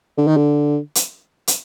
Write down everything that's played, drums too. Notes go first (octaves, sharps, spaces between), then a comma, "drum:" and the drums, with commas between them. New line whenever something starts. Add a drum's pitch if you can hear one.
D3
D#3
D3
drum: hi-hat
drum: hi-hat